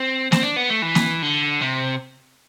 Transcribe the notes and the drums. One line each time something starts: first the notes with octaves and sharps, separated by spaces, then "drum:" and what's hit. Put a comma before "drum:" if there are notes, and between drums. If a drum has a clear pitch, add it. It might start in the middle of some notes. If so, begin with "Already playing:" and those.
Already playing: C4
C4, drum: snare A#3
D4
B3
A3
E3
drum: snare A#3
D3
C3